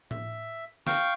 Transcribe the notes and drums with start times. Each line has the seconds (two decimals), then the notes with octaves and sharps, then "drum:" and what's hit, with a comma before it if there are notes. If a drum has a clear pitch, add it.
0.11 E5, drum: tom A2
0.87 F5 G5 C#6, drum: snare